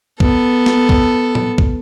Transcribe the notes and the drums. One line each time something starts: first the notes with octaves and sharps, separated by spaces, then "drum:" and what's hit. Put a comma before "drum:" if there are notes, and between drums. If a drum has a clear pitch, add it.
B3 A4, drum: kick
drum: snare
drum: kick
drum: tom A2
drum: kick